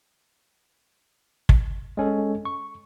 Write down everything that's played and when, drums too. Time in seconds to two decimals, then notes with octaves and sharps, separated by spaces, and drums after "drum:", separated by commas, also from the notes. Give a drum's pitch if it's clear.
1.49 drum: kick
1.97 G#3 C#4 A4
2.45 C#6